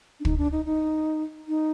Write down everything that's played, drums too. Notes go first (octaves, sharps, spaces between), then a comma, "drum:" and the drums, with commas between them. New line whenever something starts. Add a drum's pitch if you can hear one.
D4
D#4, drum: kick
D4
D#4
D#4
D#4